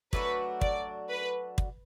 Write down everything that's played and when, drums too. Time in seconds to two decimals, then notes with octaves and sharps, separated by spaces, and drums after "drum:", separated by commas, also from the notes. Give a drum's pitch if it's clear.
0.13 F#3 A3 D4 F#4 B4, drum: kick
0.61 D5, drum: kick
1.10 B4
1.58 drum: kick